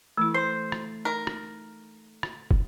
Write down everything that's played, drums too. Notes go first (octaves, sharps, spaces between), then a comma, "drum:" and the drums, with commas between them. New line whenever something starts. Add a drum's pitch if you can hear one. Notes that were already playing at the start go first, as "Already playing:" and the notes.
E3 A3 E4 E6
C5 C7
drum: rim click
D#4 A#4
drum: rim click
drum: rim click
drum: kick